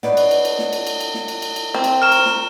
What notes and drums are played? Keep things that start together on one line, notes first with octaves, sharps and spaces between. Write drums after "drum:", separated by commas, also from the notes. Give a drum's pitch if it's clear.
D4 B4 C#5 D#5 F#5, drum: snare
drum: cymbal
drum: cymbal
drum: cymbal
drum: snare
drum: cymbal
drum: cymbal
drum: cymbal
drum: snare
drum: cymbal
drum: cymbal
drum: cymbal
C4
drum: cymbal
A#4 A#5 C#6 F6 E7
drum: cymbal
drum: snare